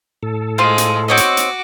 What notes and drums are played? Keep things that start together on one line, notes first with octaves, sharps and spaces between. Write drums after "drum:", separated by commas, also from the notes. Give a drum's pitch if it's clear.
A2 A4
G#3 F4 C5 F5
drum: hi-hat
C4 F#4 C#5 D#5 D6
drum: hi-hat
drum: hi-hat